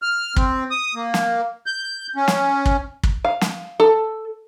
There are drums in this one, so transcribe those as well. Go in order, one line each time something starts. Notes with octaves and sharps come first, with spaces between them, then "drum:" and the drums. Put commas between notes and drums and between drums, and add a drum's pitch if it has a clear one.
F6
C4, drum: kick
D#6
A#3
drum: snare
G6
C#4
drum: snare
drum: kick
drum: kick
F5
drum: snare
A4